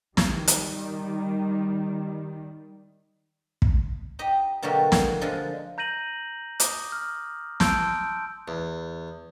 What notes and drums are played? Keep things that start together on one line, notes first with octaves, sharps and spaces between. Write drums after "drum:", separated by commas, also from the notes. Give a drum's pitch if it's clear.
D#3 G3, drum: snare
drum: hi-hat
drum: kick
D#4 G4 D#5
B2 D3 F#3 A3 A#3 G4
F#5, drum: snare
D3 F3 G#3 D4 A#4
A#5 G6 A#6 D#7 F#7
D6 D#6, drum: hi-hat
F6
A5 C6 E6 G6 D7, drum: snare
E2